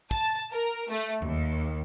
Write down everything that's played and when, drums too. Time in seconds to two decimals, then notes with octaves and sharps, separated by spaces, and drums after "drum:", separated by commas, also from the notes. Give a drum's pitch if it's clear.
0.11 A5, drum: kick
0.51 A#4
0.89 A3
1.22 D#2, drum: tom E2